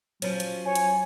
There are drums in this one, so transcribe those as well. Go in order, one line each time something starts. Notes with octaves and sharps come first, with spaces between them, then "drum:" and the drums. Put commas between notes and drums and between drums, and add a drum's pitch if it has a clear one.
F3 F#3 C#4, drum: hi-hat
drum: hi-hat
C#5 G#5
drum: hi-hat